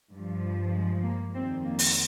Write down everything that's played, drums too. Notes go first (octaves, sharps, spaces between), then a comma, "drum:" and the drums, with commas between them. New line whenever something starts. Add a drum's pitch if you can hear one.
G2 F3
G#3
A#3
F2 D#3 G3 C4
A#3
drum: open hi-hat